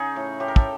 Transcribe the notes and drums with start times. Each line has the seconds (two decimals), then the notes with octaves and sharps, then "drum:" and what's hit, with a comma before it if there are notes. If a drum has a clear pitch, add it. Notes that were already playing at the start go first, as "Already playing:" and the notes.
Already playing: C#3 D#4 G#4
0.16 A2
0.40 A2 G4
0.48 A#4
0.56 A4, drum: kick